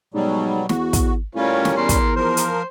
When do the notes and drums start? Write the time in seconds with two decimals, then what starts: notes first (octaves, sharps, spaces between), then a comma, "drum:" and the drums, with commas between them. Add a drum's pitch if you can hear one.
0.14 G#2 B2 F#3 G3
0.69 E2 F#4, drum: snare
0.93 drum: kick, hi-hat
1.35 A2 G3 C#4 F4 A#4 C#5
1.65 drum: snare
1.77 E2 A#4 C6
1.89 drum: kick, hi-hat
2.16 F3 A#4 C5
2.37 drum: hi-hat